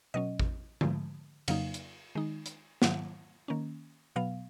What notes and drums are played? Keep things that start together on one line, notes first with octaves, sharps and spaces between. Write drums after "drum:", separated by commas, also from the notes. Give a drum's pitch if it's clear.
B2 F#3 C#4 D#5
drum: kick A1
G#2 F3 G#3, drum: tom D3
F2 C#3 F#3 A#3 D#4 F5, drum: cymbal
drum: hi-hat
D#3 G#3 D#4
drum: hi-hat
G#2 D#3 F#3 F#5, drum: snare
D#3 A#3 C#4
B2 F#3 B3 F5